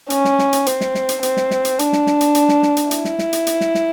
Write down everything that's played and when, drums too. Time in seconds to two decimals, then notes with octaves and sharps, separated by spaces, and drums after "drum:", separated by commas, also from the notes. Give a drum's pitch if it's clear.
0.10 C#4, drum: hi-hat
0.25 drum: snare
0.39 drum: snare
0.53 drum: hi-hat
0.66 C4, drum: hi-hat
0.81 drum: snare
0.95 drum: snare
1.09 drum: hi-hat
1.23 C4, drum: hi-hat
1.37 drum: snare
1.51 drum: snare
1.65 drum: hi-hat
1.79 D4, drum: hi-hat
1.93 drum: snare
2.07 drum: snare
2.21 drum: hi-hat
2.35 drum: hi-hat
2.49 drum: snare
2.63 drum: snare
2.77 drum: hi-hat
2.91 E4, drum: hi-hat
3.05 drum: snare
3.19 drum: snare
3.33 drum: hi-hat
3.47 drum: hi-hat
3.61 drum: snare
3.75 drum: snare